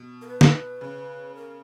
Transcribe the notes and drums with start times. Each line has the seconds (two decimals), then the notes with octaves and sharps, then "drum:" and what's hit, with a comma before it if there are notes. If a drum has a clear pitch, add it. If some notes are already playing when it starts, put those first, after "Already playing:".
Already playing: B2
0.21 A#4
0.27 B4
0.41 drum: snare
0.81 C#3
1.35 A#4